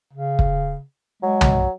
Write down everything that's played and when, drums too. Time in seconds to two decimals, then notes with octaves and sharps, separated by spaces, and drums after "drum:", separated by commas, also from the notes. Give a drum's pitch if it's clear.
0.13 C#3
0.39 drum: kick
1.23 F#3 G#3
1.41 drum: tom